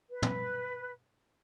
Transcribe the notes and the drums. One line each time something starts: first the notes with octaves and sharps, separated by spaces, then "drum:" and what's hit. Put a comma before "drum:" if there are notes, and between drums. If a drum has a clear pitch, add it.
B4
drum: tom